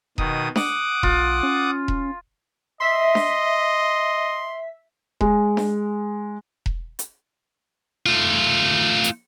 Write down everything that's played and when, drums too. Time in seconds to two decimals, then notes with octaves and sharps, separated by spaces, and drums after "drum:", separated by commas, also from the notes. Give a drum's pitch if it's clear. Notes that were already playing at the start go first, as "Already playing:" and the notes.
0.18 B2 D#3 D#6, drum: kick E1
0.56 F#5 D6 D#6, drum: snare D4
1.03 B1 F4, drum: kick E1
1.43 C#4
1.88 drum: kick E1
2.81 D#5 E5 C6 B6
3.15 drum: snare D4
5.21 G#3, drum: kick E1
5.57 drum: snare D4
6.66 drum: kick E1
6.99 drum: hi-hat
8.06 A3 F4
9.04 drum: hi-hat